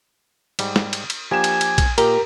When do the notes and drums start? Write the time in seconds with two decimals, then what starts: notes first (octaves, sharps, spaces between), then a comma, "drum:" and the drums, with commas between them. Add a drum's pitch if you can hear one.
0.59 G#2 G3, drum: cymbal
0.76 drum: snare
0.93 drum: cymbal
1.10 drum: cymbal
1.31 F3 A#3 D4 G4 G#5 E7
1.44 drum: cymbal
1.61 drum: cymbal
1.78 drum: kick A#1, cymbal
1.98 A#2 G4 A#4 A#5, drum: cymbal